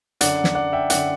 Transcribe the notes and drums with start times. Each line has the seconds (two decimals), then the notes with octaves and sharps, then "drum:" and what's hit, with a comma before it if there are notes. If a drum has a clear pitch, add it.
0.21 F#2 D3 D5 F#5, drum: hi-hat
0.44 drum: snare
0.55 D5 F#5
0.73 E5 G5
0.90 F#2 D3 D5 F#5, drum: hi-hat